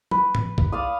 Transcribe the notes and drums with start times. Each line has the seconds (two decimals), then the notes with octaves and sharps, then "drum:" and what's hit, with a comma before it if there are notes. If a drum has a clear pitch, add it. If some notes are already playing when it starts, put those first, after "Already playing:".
0.11 B4, drum: tom
0.35 drum: tom
0.58 drum: kick
0.72 D5 F5 D#6